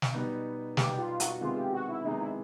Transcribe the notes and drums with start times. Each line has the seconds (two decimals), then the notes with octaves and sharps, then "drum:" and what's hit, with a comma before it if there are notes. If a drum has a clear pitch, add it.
0.02 drum: snare
0.14 B2 G3 B3 D#4
0.77 B2 G3 B3 D#4 G4, drum: snare
0.98 F4
1.20 F#4, drum: hi-hat
1.41 C3 D#3 G#3 B3 F4
1.56 G4
1.73 F#4
1.89 E4
2.04 C3 D#3 G#3 B3 D#4
2.20 E4